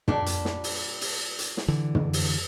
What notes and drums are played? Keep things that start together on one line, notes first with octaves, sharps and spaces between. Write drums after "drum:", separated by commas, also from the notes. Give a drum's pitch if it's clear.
A#2 G3 D4, drum: tom
drum: hi-hat
drum: snare
drum: open hi-hat
drum: open hi-hat
drum: hi-hat
drum: snare
D3 E3
drum: tom
drum: open hi-hat